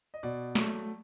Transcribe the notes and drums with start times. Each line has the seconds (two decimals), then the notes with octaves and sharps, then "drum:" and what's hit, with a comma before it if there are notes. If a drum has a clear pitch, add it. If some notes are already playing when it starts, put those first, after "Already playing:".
0.14 D#5
0.23 B2 D5
0.55 F#3 A3, drum: snare